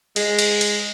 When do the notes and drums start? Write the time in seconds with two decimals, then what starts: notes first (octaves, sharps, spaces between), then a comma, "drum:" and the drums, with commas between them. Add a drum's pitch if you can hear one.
0.16 G#3, drum: cymbal
0.39 drum: cymbal
0.61 drum: cymbal